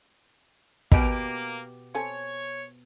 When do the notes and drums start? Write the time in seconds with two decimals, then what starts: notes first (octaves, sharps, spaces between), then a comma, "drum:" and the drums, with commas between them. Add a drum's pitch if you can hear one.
0.92 B2 A#3 B3 F#4 G4 B4 D#5, drum: kick
1.95 C4 A4 C#5 G#5